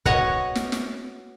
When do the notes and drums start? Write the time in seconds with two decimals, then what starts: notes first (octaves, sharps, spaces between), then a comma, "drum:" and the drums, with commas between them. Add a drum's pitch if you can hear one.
0.05 B3 F#4 C#5 D#5 F#5, drum: kick
0.55 drum: snare
0.72 drum: snare